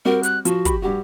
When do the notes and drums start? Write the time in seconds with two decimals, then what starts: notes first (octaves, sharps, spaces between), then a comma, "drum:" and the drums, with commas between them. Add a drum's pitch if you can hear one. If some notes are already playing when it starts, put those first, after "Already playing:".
0.05 G3 C4 F#4 A#4
0.23 F#6, drum: hi-hat
0.45 F3 F#4, drum: hi-hat
0.65 G4 B5, drum: kick, hi-hat
0.82 G2 F#4 G4